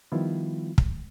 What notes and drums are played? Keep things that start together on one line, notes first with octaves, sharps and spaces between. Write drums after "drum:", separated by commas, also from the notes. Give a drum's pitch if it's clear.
D#3 F3 G3 B3 E4 F4
drum: kick